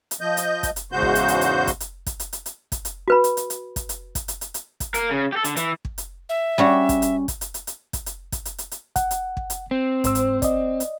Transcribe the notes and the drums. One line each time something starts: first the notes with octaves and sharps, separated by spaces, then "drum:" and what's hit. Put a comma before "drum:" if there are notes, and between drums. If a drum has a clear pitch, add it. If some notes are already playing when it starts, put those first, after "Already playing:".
drum: hi-hat
F3 D#5 G6
drum: hi-hat
drum: kick, hi-hat
drum: hi-hat
E2 G#2 C#3 F#4 C5 G6
drum: kick
drum: hi-hat
drum: hi-hat
drum: hi-hat
drum: kick, hi-hat
drum: hi-hat
drum: kick, hi-hat
drum: hi-hat
drum: hi-hat
drum: hi-hat
drum: kick, hi-hat
drum: hi-hat
F#4 B4 B5
drum: hi-hat
drum: hi-hat
drum: hi-hat
drum: kick, hi-hat
drum: hi-hat
drum: kick, hi-hat
drum: hi-hat
drum: hi-hat
drum: hi-hat
drum: kick, hi-hat
A#3 A#4, drum: hi-hat
C#3
G4 A4
D3, drum: hi-hat
E3, drum: hi-hat
drum: kick
drum: hi-hat
E5
G3 C#4 F#4
drum: kick, hi-hat
drum: hi-hat
drum: kick, hi-hat
drum: hi-hat
drum: hi-hat
drum: hi-hat
drum: kick, hi-hat
drum: hi-hat
drum: kick, hi-hat
drum: hi-hat
drum: hi-hat
drum: hi-hat
F#5, drum: kick, hi-hat
drum: hi-hat
drum: kick
drum: hi-hat
C4
G#2 C5 E6, drum: kick, hi-hat
drum: hi-hat
D5 D#5, drum: kick, hi-hat
drum: hi-hat